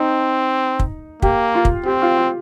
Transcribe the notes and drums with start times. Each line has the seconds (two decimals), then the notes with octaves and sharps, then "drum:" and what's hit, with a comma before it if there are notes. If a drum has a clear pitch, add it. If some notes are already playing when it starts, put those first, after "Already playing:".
Already playing: C4 D#4
0.79 drum: kick
1.22 A#3 G4, drum: kick
1.55 F4
1.65 drum: kick
1.86 C4 G4
2.02 F4
2.18 F4